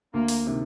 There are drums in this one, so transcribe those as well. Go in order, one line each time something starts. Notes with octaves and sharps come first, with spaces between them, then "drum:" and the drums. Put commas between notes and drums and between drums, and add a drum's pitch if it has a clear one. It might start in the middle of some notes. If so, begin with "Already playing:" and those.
D2 A#3
drum: open hi-hat
C3 D#3